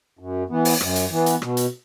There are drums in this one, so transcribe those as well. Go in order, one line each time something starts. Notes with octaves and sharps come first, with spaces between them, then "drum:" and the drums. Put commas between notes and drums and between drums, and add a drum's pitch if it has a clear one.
F#2
E3 B3
drum: open hi-hat
F#2, drum: rim click
drum: hi-hat
E3 B3
drum: hi-hat
B2, drum: rim click
drum: hi-hat